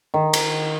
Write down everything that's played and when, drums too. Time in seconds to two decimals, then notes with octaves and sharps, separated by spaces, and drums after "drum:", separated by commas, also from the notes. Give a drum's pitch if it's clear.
0.14 D#3
0.33 drum: cymbal